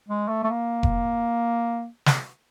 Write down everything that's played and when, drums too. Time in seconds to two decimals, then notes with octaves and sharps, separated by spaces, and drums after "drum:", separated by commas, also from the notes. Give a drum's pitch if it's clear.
0.08 G#3
0.28 A3
0.44 A3
0.47 A#3
0.83 drum: kick F1
2.06 drum: snare